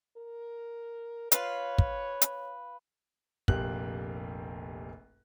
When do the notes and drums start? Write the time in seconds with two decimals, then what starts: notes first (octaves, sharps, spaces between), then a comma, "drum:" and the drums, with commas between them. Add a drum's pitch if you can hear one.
0.17 A#4
1.32 F4 B4 C#5 F5, drum: hi-hat
1.78 drum: kick
2.22 drum: hi-hat
3.48 F1 A#1 A#3 G4 F#6 F#7, drum: kick